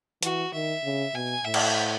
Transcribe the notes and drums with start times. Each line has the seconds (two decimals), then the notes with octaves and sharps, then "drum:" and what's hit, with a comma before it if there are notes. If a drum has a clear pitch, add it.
0.23 E3 F#4, drum: hi-hat
0.53 D#3 E5
0.84 C#3
1.14 B2 G#5
1.45 A2 E5
1.54 drum: cymbal